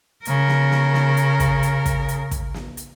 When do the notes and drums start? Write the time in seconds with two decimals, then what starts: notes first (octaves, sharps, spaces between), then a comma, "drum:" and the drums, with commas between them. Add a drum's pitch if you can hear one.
0.25 C#3 A#4, drum: hi-hat
0.48 drum: snare
0.71 drum: snare
0.94 drum: snare
1.17 drum: hi-hat
1.40 drum: kick, hi-hat
1.63 drum: hi-hat
1.86 drum: kick, hi-hat
2.08 drum: hi-hat
2.31 drum: kick, hi-hat
2.54 drum: snare
2.77 drum: hi-hat